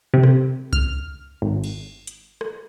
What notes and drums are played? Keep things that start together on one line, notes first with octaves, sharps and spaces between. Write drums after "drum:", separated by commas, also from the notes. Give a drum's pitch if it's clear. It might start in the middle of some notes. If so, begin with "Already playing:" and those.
C3
drum: rim click
F6, drum: kick C2
G#1
drum: cymbal
drum: hi-hat
drum: rim click